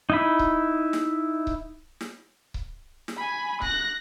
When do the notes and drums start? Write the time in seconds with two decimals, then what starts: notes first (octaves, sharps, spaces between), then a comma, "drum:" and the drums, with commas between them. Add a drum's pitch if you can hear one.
0.10 D#4 E4 B5
0.39 drum: kick C#1
0.93 drum: snare
1.47 drum: kick C#1
2.01 drum: snare
2.54 drum: kick C#1
3.08 drum: snare
3.17 G#5 B5
3.62 F#6 A#6, drum: kick C#1